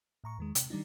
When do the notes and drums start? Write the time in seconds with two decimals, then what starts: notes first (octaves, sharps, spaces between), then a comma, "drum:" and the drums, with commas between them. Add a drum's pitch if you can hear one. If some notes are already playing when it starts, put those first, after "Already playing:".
0.24 A2 A#5 C#6
0.38 E2 D#3 G#3
0.55 C3, drum: hi-hat
0.70 D#3 G3 D4 D#4